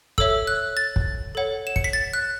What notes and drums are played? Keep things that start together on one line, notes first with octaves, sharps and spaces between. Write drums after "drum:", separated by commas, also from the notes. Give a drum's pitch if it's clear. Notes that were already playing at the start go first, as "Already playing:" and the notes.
A4 C#5 E5 E6, drum: kick
F#6
A6
drum: kick
A4 C#5 F#5
E7
C#7, drum: kick
B6
A6
F#6